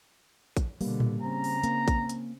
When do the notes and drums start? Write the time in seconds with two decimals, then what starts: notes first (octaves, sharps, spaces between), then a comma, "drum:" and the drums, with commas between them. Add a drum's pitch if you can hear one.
0.57 drum: kick, hi-hat
0.81 B2 D3 G3 A#3, drum: open hi-hat
1.00 drum: tom A2
1.22 C#3 C4 A#5
1.44 drum: open hi-hat
1.63 A#3, drum: hi-hat
1.88 drum: kick, hi-hat
2.09 drum: hi-hat